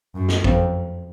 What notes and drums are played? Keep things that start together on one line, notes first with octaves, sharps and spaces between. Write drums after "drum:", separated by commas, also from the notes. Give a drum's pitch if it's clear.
F#2
drum: snare
F2, drum: kick G#1